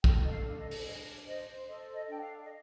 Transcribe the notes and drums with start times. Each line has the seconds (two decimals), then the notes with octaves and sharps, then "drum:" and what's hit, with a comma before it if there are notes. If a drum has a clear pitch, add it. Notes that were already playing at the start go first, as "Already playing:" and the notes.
0.04 A4 G5, drum: kick
0.24 D#5
0.31 F5
0.45 D4
0.59 D#5
0.71 drum: open hi-hat
0.85 D4 D#5
1.26 C5 D#5
1.67 A4 D#5
1.94 D#5
2.07 D4 G5
2.21 F5
2.44 D#5